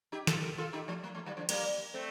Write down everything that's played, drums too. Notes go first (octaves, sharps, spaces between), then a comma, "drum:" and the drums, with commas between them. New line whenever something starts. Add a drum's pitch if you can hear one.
D#4 G4
F4 A4, drum: snare
A4
G4 A#4
F4 A4
D#4 G4
F3 A3
G3 A#3
F3 A3
D#3 G3
D3 F3
G3 A#3, drum: cymbal
A3 C4